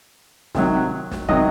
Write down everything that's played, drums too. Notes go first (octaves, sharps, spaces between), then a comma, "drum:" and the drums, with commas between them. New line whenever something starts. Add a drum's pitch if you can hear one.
C3 D#3 F#3, drum: snare
drum: snare
C3 D#3 F#3 D#5, drum: kick